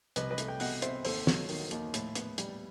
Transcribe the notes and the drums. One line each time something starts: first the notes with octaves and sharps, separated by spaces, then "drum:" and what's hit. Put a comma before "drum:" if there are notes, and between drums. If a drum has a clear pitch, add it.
C2 B4 D#5, drum: hi-hat
B4 D#5
A3, drum: hi-hat
G5
B2 D#5 F#5, drum: open hi-hat
C4 C5 E5, drum: hi-hat
D#2 A4 C5, drum: open hi-hat
F#3, drum: snare
D#3, drum: open hi-hat
D#2, drum: hi-hat
A2, drum: hi-hat
B3, drum: hi-hat
G3, drum: hi-hat